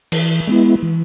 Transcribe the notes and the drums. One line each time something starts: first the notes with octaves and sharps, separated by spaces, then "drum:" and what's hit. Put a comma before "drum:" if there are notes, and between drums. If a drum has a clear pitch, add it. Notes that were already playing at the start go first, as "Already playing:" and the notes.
E3, drum: cymbal
G#3 B3 E4
E3